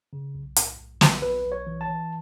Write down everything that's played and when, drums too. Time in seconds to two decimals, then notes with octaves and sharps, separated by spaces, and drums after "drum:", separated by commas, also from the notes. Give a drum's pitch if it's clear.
0.13 C#3
0.35 B1
0.56 A2, drum: hi-hat
0.78 B1
1.01 B1, drum: snare
1.22 B1 B4
1.44 B1
1.52 C#5
1.67 E3
1.81 A5
1.88 E3